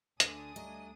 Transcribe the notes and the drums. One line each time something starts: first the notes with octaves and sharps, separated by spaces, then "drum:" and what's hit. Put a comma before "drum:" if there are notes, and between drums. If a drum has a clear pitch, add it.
D2 D3 D4 G#5 D#6, drum: hi-hat
G3 A3 D#5 A#5